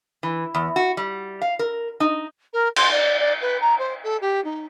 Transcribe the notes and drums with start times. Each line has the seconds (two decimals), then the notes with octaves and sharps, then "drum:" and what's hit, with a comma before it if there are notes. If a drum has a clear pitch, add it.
0.23 E3
0.55 E2
0.76 F#4
0.97 G3
1.41 F5
1.59 A#4
2.00 D#4
2.53 A#4
2.76 C6, drum: cymbal
2.91 D5
3.19 D5
3.41 B4
3.61 A#5
3.78 C5
4.03 A4
4.21 G4
4.44 D#4